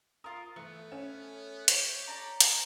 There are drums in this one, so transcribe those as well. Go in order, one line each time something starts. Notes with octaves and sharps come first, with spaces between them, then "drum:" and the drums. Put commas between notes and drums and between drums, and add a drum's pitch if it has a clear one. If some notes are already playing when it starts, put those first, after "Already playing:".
F4 A#4 D#6
E3 A3 B3
C#4
G4 C#5, drum: hi-hat
A4 D5 A#5
drum: hi-hat